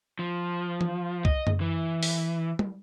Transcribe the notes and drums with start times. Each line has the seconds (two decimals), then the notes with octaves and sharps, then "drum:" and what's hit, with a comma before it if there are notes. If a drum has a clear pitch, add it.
0.19 F3
0.81 drum: tom E3
1.25 D#5, drum: kick
1.47 drum: tom F#2
1.61 E3
2.03 drum: open hi-hat
2.59 drum: tom G3